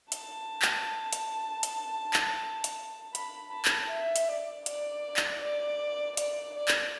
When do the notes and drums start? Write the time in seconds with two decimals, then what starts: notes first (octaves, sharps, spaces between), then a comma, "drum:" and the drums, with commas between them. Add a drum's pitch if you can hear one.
0.12 A5, drum: hi-hat
0.62 drum: clap
1.13 drum: hi-hat
1.63 drum: hi-hat
2.14 drum: clap
2.64 drum: hi-hat
3.15 B5, drum: hi-hat
3.52 A5
3.65 drum: clap
3.91 E5
4.16 drum: hi-hat
4.28 D5
4.66 D5, drum: hi-hat
5.17 drum: clap
5.42 D5
6.17 D5, drum: hi-hat
6.55 D5
6.68 drum: clap